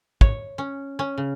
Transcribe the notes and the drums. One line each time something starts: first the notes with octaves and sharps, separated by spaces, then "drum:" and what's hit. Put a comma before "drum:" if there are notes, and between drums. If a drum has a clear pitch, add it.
C#5, drum: kick
C#4
C#4
C#3